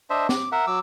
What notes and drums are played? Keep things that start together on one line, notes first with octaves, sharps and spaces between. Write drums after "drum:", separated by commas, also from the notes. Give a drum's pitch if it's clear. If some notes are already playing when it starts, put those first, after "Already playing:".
D4 C5 D#5 E5
D6, drum: snare
A#4 E5 F#5
F#3 D6 E6